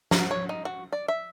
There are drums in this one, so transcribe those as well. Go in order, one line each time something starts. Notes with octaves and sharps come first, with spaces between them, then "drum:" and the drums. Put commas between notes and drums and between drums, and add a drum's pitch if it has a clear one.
A#5, drum: snare
C#5
D#4
F#4
D5
E5